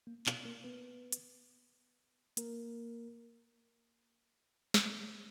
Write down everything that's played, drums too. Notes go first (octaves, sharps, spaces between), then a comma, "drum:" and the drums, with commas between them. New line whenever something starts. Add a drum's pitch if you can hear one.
A#3
B2 B3, drum: clap
A#3 A#4
B3 B4
drum: hi-hat
A#3 A#4, drum: hi-hat
drum: snare